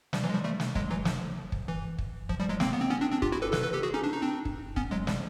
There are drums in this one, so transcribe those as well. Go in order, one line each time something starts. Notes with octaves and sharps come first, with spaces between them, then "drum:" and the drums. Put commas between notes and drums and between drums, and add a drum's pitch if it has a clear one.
F3 G3, drum: snare
E3 F#3
G#3
F3 G3
G3 A3
drum: snare
F#3 G#3, drum: kick
E3 F#3
F3, drum: snare
drum: kick
E3
drum: kick
F3, drum: kick
F3 G3
F#3 G#3
A#3 C4, drum: snare
B3
C4
B3 C#4
C4 D4
C4 D4
F4 G4, drum: kick
E4 F#4
A4 B4
A4 B4, drum: snare
A4 B4
G4 A4
F#4 G#4
C#4 D#4
D4
D#4
C4 D4
drum: kick
B3 C#4, drum: kick
F#3 G#3
F3 G3, drum: snare